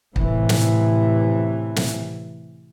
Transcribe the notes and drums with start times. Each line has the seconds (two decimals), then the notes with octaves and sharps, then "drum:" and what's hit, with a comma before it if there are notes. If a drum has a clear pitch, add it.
0.16 A2 C3 E3, drum: kick
0.49 drum: snare
1.76 drum: snare